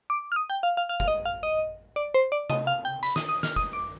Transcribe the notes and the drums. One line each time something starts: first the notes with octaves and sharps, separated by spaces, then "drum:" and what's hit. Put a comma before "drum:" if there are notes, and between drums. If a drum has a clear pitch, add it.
D6
F6
D#6
G5
F5
F5
F5
F5, drum: kick
D#5
F5
D#5
D5
C5
D5
D#5, drum: tom C3
F5
G5
B5, drum: hi-hat
D#6, drum: snare
D#6
F6, drum: snare
D#6, drum: kick
D6